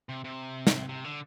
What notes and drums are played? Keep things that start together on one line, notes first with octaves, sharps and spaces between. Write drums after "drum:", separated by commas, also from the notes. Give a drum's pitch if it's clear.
C3
C3
drum: snare
C3
D3